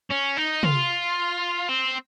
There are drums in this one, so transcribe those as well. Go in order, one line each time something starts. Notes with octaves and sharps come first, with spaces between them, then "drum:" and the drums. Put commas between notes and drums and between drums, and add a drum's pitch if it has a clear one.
C#4
D#4
F4, drum: tom
C4